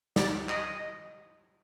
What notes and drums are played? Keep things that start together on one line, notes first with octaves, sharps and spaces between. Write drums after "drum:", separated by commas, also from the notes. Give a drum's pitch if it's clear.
D5, drum: snare
D#5, drum: clap